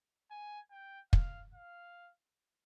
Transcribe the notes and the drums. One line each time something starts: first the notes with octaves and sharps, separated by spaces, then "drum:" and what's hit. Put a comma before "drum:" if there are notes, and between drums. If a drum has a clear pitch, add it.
G#5
G5
F5, drum: kick
F5